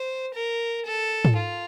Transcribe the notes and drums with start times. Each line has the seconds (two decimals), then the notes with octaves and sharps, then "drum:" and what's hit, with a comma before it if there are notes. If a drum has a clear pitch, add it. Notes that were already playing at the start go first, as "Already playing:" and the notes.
Already playing: C5
0.34 A#4
0.86 A4
1.25 drum: tom G#2
1.36 F4